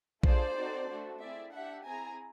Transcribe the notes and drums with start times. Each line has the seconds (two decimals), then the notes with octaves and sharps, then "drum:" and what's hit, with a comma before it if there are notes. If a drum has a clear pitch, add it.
0.23 A3 D4 F4 G#4 C5 D5, drum: kick A#1
0.56 C4 D#4 F#4 A4
0.89 A3 D4 F#4 A4
1.21 C4 E4 G#4 D5 E5
1.53 D4 G4 E5 F#5
1.85 C4 E4 G#4 G#5 A#5